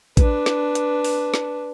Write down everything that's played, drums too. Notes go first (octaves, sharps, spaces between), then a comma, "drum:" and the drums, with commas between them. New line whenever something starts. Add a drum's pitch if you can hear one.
D4 B4, drum: kick A1, hi-hat
drum: snare
drum: hi-hat
drum: open hi-hat
drum: snare